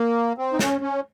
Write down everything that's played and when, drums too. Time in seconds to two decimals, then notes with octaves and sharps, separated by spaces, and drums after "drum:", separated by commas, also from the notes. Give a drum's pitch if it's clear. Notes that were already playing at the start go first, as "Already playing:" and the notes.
Already playing: A#3
0.38 C4
0.53 D#4
0.59 C#4, drum: snare
0.81 C#4